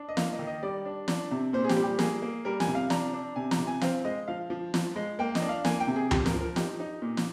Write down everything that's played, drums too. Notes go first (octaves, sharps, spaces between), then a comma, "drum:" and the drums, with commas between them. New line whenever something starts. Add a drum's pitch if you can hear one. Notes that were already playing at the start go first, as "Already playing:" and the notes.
Already playing: D4
D#5
A#3 F5, drum: snare
D#5
D#3
D#5
G3 D5
D4
D4, drum: snare
C3
A#2 C5
G#4
G4, drum: snare
G3
G4
A#3 G#4, drum: snare
A#3
G3 A#4
G#5, drum: snare
C3
F5
D4 A#5, drum: snare
D4
C3 G#5
A#5, drum: snare
C3
G#5
C4 F5, drum: snare
G#3 D#5
F3 F5
F3
F3, drum: snare
G#3
A#3 G5
D#5, drum: snare
D4
F5
A#3 G#5, drum: snare
G5
C3
G#4
F3 G4, drum: tom C#2
A#4, drum: snare
F3
A#4
D#4 G4, drum: snare
D#4
A#2
drum: snare